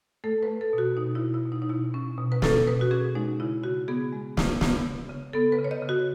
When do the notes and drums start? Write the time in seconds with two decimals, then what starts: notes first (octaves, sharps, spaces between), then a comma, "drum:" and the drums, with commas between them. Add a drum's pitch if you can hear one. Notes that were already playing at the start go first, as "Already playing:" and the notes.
0.24 A3 A4
0.43 B4
0.48 A3
0.61 A4
0.73 B2
0.78 F#4
0.97 B2 D#4
1.15 E4
1.21 B2
1.34 E4
1.46 B2
1.52 D#4
1.62 D#4
1.69 B2 E4
1.94 C#4
2.18 B2
2.32 B4
2.42 C#4 A4, drum: snare
2.67 B2 B4
2.81 F#4
2.91 C#4 G#4
3.15 G#3 D#4
3.40 C#3 E4
3.63 C#3 F#4
3.88 B3 G#4
4.13 G#3
4.37 G#3, drum: snare
4.61 B3, drum: snare
4.86 C#3
5.10 C#3
5.33 B3 A4
5.52 B4
5.58 C#3
5.64 C#5
5.71 D#5
5.82 C#3
5.89 F#4